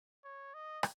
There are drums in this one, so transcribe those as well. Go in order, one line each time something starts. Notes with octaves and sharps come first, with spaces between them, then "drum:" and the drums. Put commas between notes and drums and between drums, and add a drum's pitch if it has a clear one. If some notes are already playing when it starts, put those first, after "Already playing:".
C#5
D#5
drum: rim click